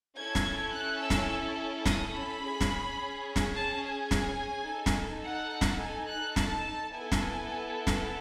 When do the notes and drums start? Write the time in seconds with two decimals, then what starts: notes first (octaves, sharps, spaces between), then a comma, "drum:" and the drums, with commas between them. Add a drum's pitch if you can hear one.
0.16 C#4 E4 A4 G#6
0.35 drum: snare
0.72 F#6
1.01 E6
1.10 drum: snare
1.86 D#6, drum: snare
2.13 B5
2.41 C#4 G#4
2.61 drum: snare
3.36 drum: snare
3.55 A5
3.83 G#5
4.11 drum: snare
4.67 D#4 A4
4.86 drum: snare
5.24 F#5
5.61 drum: snare
5.80 G#5
6.08 F#6
6.36 A5, drum: snare
6.93 B3 E4 A4 G#5
7.12 drum: snare
7.87 drum: snare